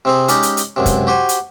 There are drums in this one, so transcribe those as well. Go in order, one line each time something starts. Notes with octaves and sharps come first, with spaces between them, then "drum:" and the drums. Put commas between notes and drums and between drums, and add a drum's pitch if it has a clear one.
C3 C4 G#4
G#3 C#4 D#4 G4 D5, drum: hi-hat
drum: hi-hat
drum: hi-hat
C#2 F#2 C3
drum: kick, hi-hat
F#4 G4 C5 G#5
drum: hi-hat